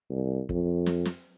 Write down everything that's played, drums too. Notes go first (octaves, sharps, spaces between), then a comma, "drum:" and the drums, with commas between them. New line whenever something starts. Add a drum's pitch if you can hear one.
C2
F2, drum: kick
drum: snare
drum: snare